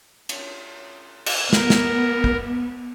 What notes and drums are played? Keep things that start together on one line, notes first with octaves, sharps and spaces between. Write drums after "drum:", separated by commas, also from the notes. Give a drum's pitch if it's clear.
drum: cymbal
drum: cymbal
B3 A#4, drum: snare
drum: snare
drum: kick